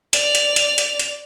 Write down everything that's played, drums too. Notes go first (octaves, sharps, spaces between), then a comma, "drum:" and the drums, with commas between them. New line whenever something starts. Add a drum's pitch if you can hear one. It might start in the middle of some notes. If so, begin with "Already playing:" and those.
D5 F7, drum: hi-hat
drum: hi-hat
drum: hi-hat
drum: hi-hat
drum: hi-hat